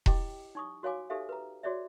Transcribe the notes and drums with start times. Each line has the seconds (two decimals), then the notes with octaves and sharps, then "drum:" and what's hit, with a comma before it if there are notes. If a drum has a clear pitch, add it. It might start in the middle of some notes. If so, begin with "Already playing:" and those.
0.06 E4 G4 D#5 G5 D6, drum: kick E1
0.55 D#4 C#6 D#6
0.83 F#4 C#5 F5 G#5 D6
1.10 D#4 G4 A4 C5 E5 F5
1.29 B4 A#5
1.63 F#4 G#4 C#5 D5 E5